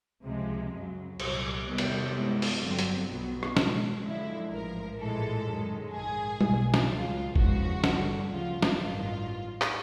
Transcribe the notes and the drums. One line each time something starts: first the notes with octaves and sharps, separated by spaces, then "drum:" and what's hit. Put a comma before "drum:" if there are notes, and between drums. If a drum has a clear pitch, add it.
C#2 C3 F3 G#3
F#2 C#3 F#3
C2 A#2 F#3, drum: cymbal
E2 C3 D#3 G3 B3
drum: cymbal
G2 E3 G#3 B3
drum: open hi-hat
G1 F2 D3 F#3 C4
drum: hi-hat
B1 B2 F#3 B3
drum: rim click
B1 B2 G#3, drum: snare
F#2 D3 F3 G#3 E4
A1 G#2 F3 A#4
A#1 A2 E3 G#3 A4
F#2 D#3 G#3
A#1 G#2 D#3 G#4
B1 B2 F#3, drum: tom
drum: snare
C#2 C#3 F#3 F4
E2 C#3 F3 G#3 F#4, drum: kick G1
G2 D3 G3, drum: snare
D2 C#3 F3 F4
drum: snare
A1 G2 D#3 F#3 F4
drum: clap